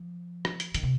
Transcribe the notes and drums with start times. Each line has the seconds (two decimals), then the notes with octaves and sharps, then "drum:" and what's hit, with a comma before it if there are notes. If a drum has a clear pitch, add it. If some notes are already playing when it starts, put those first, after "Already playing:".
Already playing: F3
0.45 drum: rim click
0.60 drum: hi-hat
0.74 D#3, drum: hi-hat
0.83 C3